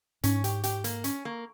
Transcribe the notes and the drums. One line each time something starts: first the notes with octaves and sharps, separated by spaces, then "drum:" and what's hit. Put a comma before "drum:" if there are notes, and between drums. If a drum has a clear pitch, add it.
G#2 C#4, drum: hi-hat
G4, drum: hi-hat
G4, drum: hi-hat
A#3, drum: hi-hat
C#4, drum: hi-hat
A#3